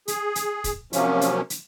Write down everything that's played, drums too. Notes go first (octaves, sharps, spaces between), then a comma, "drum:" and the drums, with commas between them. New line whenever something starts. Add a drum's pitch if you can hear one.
G#4, drum: hi-hat
drum: hi-hat
drum: kick, hi-hat
C3 F3 F#3 A#3 C#4, drum: hi-hat
drum: hi-hat
drum: hi-hat